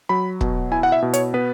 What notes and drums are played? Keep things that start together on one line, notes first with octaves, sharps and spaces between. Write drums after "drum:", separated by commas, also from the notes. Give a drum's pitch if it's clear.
F#3 B5
B2, drum: kick
E4 G#5
F#5
E5
B2
C#5, drum: hi-hat
B3 B4